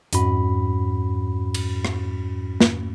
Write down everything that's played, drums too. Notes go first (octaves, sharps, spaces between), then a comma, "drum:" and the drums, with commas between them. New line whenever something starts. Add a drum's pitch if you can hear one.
F2 G#2 C#4 F#4 B5, drum: hi-hat
drum: cymbal
drum: rim click
drum: snare